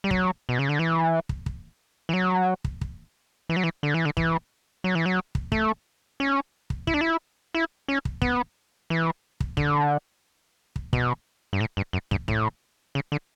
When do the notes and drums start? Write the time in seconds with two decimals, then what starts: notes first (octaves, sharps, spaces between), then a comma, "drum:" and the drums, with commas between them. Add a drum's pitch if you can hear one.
0.04 G3
0.11 F#3, drum: kick
0.49 B2
0.59 C#3
0.69 D3
0.79 E3
1.29 drum: kick
1.46 drum: kick
2.09 E3
2.14 F#3
2.64 drum: kick
2.81 drum: kick
3.49 E3
3.56 F#3
3.64 E3
3.83 D3
3.94 E3
4.05 D3
4.17 E3, drum: kick
4.84 F#3
4.95 E3
5.06 F#3
5.35 drum: kick
5.52 A3, drum: kick
6.20 C#4
6.70 drum: kick
6.87 E4, drum: kick
6.94 D4
7.01 E4
7.54 E4
7.88 C#4
8.05 drum: kick
8.22 B3, drum: kick
8.90 E3
9.40 drum: kick
9.57 D3, drum: kick
10.76 drum: kick
10.93 B2, drum: kick
11.53 G2
11.61 A2
11.77 G2
11.93 F#2
12.11 G2, drum: kick
12.28 A2, drum: kick
12.95 C#3
13.12 D3